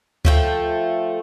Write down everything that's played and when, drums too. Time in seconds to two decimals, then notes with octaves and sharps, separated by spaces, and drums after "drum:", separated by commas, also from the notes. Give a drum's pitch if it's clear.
0.25 F3 A3 G5, drum: kick D2